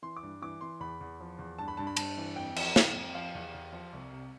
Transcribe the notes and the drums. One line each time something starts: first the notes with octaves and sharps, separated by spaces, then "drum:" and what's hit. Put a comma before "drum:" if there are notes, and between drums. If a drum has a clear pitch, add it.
E3 C6
D6
G2
E3 D6
E3 C6
E2 B5
E2
F3
E2
G2 A5
B5
G2 A5
B5
G2 A5, drum: cymbal
E3
F2 G5
F3, drum: cymbal
F3, drum: snare
F2
F3 F5
E2
E2
F3
C2
C3